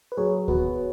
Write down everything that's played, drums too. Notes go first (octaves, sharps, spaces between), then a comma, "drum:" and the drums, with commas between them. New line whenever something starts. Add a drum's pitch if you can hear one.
B4
F#3 G#4 C#5
B3 F#4 B4, drum: kick D2